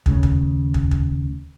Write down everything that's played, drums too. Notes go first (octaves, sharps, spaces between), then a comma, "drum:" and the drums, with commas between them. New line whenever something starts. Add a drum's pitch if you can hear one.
D#2 C#3 A3, drum: kick
drum: kick
drum: kick
drum: kick